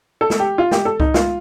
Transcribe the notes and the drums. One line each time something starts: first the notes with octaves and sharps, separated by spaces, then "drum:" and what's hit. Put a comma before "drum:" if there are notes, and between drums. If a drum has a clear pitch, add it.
A4
drum: snare
G4
F4
G4, drum: snare
A4
D#4, drum: kick C2
F4, drum: snare